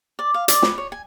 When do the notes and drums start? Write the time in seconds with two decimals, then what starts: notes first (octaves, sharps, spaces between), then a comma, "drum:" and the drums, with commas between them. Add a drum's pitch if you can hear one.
0.19 D5
0.34 F5
0.48 D5, drum: hi-hat
0.62 B4, drum: snare
0.78 C#5
0.92 G#5